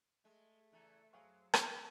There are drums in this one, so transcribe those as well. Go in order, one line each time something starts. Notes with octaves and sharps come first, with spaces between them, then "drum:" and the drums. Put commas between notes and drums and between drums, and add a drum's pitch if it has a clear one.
G#3 A3
E2 C#3 E3 A4
F#2 F#3 G#4 C5 F5 C#6
drum: rim click